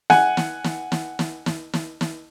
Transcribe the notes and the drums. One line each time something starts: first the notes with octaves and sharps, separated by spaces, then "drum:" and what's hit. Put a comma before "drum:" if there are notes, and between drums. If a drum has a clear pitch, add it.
F#5 G#5, drum: snare
drum: snare
drum: snare
drum: snare
drum: snare
drum: snare
drum: snare
drum: snare